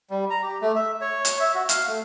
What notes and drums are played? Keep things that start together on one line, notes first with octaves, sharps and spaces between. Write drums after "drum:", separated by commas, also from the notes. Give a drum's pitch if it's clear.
G3
A#5
G4
A3
E5
C#5
drum: hi-hat
E5
F#4
F5, drum: hi-hat
A3